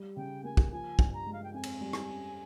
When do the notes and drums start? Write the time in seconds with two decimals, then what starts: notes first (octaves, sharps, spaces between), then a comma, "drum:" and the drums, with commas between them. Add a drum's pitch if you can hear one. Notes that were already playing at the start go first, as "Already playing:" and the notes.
Already playing: G3
0.16 C#3 G5
0.44 A#3 G#5
0.57 drum: kick
0.72 F3 G#5
0.99 G2, drum: kick
1.13 A#5
1.27 G#3
1.33 F5
1.43 G5
1.53 F2 G#5
1.63 drum: cymbal
1.81 G3
1.93 drum: rim click
2.09 C#4